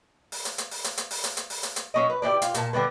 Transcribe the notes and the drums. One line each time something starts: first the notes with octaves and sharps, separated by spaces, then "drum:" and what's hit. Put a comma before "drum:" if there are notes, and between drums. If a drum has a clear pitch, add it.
drum: open hi-hat
drum: hi-hat
drum: hi-hat
drum: open hi-hat
drum: hi-hat
drum: hi-hat
drum: open hi-hat
drum: hi-hat
drum: hi-hat
drum: open hi-hat
drum: hi-hat
drum: hi-hat
F#3 C#4 D#5
B4
D4 E4 G4 D5
F4, drum: hi-hat
A#2 A5, drum: hi-hat
D3 E3 G3 B3